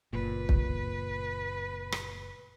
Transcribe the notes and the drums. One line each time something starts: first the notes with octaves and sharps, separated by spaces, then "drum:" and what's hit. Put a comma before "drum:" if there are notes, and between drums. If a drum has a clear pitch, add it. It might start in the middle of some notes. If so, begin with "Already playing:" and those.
F#1 A#2 B4
drum: kick
drum: rim click